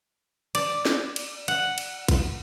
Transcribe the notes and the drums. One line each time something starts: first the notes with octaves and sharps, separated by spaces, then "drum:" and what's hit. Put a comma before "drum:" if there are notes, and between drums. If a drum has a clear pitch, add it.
D5, drum: cymbal
drum: snare
drum: cymbal
F#5, drum: cymbal
drum: cymbal
drum: kick B1, cymbal